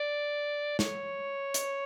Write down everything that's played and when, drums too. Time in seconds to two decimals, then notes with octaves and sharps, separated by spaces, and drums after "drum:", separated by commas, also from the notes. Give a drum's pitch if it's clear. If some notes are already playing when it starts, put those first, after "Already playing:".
Already playing: D5
0.79 C#5, drum: snare
1.54 drum: hi-hat